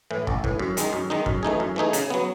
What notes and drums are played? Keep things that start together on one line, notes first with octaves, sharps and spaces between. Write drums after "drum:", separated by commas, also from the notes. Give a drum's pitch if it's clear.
A2 E3
A1, drum: kick
A2 E3, drum: kick
F#2
D#3 G#3 D#4, drum: hi-hat
F#2
D#3 G#3 D#4
F#2, drum: kick
E3 A3 D#4 G#4
F#2
E3 A3 D#4 G#4
C#3, drum: hi-hat
F#3 B3